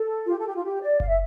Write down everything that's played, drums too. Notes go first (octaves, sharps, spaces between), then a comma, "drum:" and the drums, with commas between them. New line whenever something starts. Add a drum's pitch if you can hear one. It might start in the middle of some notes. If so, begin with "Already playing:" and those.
Already playing: A4
F4
G4
A4
G4
F4
G4
D5
F5, drum: kick F#1
E5